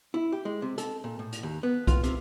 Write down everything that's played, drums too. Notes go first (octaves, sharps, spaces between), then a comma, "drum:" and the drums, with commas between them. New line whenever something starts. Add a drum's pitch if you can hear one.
E4
G4
G#3
C3
A4, drum: hi-hat
A#2
A2
drum: hi-hat
D#2
B3
F4, drum: kick B1, hi-hat
C3, drum: hi-hat